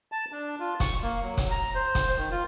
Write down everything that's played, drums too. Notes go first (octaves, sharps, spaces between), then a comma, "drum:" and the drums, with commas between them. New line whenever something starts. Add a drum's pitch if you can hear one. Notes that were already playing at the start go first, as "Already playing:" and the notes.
A5
D4
F4
C#6, drum: kick F1, hi-hat
A#3
F#3
drum: kick F1, hi-hat
A#5
C5
drum: kick F1, hi-hat
D#3
F4